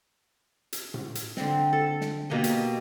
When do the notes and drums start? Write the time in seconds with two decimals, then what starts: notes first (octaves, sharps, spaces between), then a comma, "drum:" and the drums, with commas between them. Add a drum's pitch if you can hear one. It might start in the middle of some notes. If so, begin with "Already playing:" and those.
0.73 drum: hi-hat
0.94 drum: tom A2
1.15 drum: hi-hat
1.37 D3 C4, drum: snare
1.73 A4
2.01 drum: snare
2.30 B2 A#3 G4 D#5
2.44 drum: hi-hat